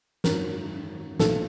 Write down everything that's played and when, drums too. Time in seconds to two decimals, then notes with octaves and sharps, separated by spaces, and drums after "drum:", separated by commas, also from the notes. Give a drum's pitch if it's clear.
0.24 G#1 F#2 D#3 F#3 A#4, drum: snare
1.20 B1 A#2 F3 A3 A4, drum: snare